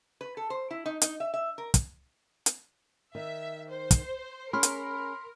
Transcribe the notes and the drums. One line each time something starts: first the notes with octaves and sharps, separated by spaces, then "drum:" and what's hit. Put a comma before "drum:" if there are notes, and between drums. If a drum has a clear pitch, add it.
B4
A4
C5
E4
D#4
D#4, drum: hi-hat
E5
E5
A#4
drum: kick, hi-hat
drum: hi-hat
D#3 E5
C5
drum: kick, hi-hat
C#4 G#4 A#4 B5 C6 F6
drum: hi-hat